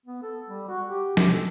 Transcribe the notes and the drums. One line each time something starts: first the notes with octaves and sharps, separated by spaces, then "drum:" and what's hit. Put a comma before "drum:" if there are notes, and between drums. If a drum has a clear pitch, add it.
B3
A4
G3
F#4
G4
C3, drum: snare
A4